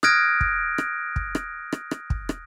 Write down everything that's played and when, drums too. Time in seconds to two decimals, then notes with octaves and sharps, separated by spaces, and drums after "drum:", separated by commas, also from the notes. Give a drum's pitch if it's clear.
0.03 D#6 F6 F#6 G#6 A#6 D7, drum: rim click
0.41 drum: kick
0.78 drum: rim click
1.16 drum: kick
1.35 drum: rim click
1.72 drum: rim click
1.91 drum: rim click
2.10 drum: kick
2.29 drum: rim click